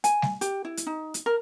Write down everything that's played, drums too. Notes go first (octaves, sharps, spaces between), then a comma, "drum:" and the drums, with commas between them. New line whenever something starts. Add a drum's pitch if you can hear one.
G#5, drum: hi-hat
drum: snare G3
G4, drum: hi-hat
E4
drum: hi-hat
D#4
drum: hi-hat
A#4